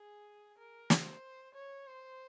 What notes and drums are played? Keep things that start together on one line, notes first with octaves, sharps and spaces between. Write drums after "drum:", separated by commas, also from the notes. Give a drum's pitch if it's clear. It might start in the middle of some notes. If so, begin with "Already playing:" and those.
Already playing: G#4
A#4
C5, drum: snare
C#5
C5